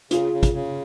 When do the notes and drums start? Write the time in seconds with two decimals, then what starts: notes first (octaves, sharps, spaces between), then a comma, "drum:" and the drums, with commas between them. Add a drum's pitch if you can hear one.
0.11 C#3 F4 G#4, drum: hi-hat
0.33 C#3
0.43 drum: kick, hi-hat
0.54 C#3